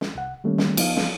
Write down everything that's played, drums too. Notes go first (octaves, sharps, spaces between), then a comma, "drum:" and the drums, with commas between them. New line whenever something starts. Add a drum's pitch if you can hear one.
drum: snare
C2 F#5
D#3 G3 A3 A#3 C#4
drum: snare
F3 B3 D#4 F5, drum: cymbal
drum: snare